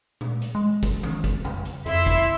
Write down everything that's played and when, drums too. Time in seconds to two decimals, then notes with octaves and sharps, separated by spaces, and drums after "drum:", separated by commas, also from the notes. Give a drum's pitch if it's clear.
0.21 drum: tom A#2
0.42 drum: hi-hat
0.55 G#3
0.83 drum: kick, hi-hat
1.03 drum: tom D#3
1.24 drum: kick, hi-hat
1.45 drum: tom F2
1.65 drum: hi-hat
1.86 F2 E4 E5 C6, drum: hi-hat
2.06 drum: kick, hi-hat